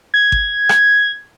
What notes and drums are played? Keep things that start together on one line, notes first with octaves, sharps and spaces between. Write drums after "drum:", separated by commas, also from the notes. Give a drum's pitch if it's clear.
G#6
drum: kick G#1
drum: rim click